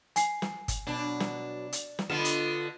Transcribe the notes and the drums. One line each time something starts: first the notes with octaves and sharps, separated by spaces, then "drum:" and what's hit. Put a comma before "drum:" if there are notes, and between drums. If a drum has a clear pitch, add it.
G#5 C7, drum: hi-hat
drum: snare
drum: kick G1, hi-hat
B2 F#3 D4
drum: snare
drum: hi-hat
drum: snare
D3 B3 F4 A4 D#5 E7
drum: hi-hat